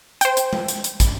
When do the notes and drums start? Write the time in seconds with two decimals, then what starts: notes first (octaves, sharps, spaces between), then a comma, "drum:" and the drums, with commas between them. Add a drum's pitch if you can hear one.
0.21 C5 G5, drum: hi-hat
0.37 drum: hi-hat
0.53 drum: tom G#3
0.68 drum: hi-hat
0.84 drum: hi-hat
1.00 drum: kick, hi-hat